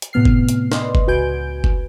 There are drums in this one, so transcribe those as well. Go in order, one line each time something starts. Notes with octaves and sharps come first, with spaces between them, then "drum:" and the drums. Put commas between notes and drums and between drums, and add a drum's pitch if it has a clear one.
drum: hi-hat
A2 C3 B3 F6 C7
drum: kick F#1
drum: hi-hat
B4 D5 D#5 C6, drum: snare
drum: kick F#1
C#2 F#4 B4 G#5 G6 D7
drum: kick F#1